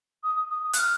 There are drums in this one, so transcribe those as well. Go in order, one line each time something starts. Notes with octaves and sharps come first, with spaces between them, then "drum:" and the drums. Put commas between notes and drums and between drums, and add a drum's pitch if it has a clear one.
D#6
D#6
F#6, drum: hi-hat
F6